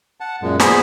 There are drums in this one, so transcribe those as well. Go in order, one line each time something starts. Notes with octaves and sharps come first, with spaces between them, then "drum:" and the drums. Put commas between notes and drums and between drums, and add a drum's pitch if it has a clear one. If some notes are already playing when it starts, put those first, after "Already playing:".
F#5 A5
F#2 A#2 G#3
B3 G#4 C5 B5, drum: snare